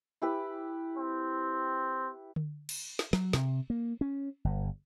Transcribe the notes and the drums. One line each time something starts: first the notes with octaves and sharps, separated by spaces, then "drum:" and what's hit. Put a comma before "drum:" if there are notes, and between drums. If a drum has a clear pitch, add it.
E4 G4 B4
C4
drum: tom D3
drum: cymbal
drum: snare
F#3, drum: snare
C3, drum: snare
A#3
C#4
G1